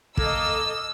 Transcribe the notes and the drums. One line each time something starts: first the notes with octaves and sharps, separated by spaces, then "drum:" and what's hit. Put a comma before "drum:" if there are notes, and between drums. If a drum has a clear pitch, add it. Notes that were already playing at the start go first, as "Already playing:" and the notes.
A#3 A4 D#5 E6, drum: kick